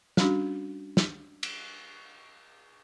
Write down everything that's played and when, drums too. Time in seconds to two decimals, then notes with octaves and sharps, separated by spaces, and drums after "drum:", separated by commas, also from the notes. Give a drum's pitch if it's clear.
0.17 G3 C#4 D4 F#4, drum: snare
0.97 drum: snare
1.43 drum: cymbal